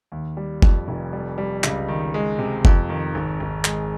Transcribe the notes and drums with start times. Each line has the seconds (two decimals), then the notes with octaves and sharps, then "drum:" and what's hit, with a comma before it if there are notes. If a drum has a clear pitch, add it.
0.12 D#2
0.37 G3
0.62 F2, drum: kick F#1
0.88 F1
1.13 G3
1.38 G3
1.64 C#2, drum: clap
1.88 D#3
2.14 G#3
2.39 C3
2.65 F2, drum: kick F#1
2.89 D#3
3.15 G#1
3.40 G#1
3.65 G#3, drum: clap